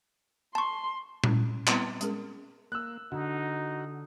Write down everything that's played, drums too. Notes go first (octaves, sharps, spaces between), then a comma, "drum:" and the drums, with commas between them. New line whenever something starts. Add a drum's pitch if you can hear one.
A5 C6 C#6
G#3 C#4 E4, drum: tom A#2
G3 B3 C4 E4 B4 E5, drum: clap
G#3 C#4 G#4 A#4, drum: hi-hat
A#3 E6 F#6
D3 D#4 F#4